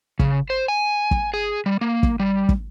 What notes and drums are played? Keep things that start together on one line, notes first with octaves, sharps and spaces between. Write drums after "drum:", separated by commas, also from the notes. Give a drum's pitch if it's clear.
C#3, drum: kick
C5
G#5
drum: kick
G#4
G3
A#3
drum: kick
G3
drum: kick